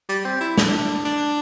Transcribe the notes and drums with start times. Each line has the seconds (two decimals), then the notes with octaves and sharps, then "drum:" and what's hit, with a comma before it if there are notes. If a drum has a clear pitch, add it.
0.09 G3
0.25 C4
0.41 E4
0.58 D4, drum: snare
1.05 D4